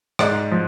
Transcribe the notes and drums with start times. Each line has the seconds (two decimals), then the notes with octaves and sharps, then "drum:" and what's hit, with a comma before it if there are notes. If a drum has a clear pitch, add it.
0.19 G#2 D5, drum: rim click
0.52 F3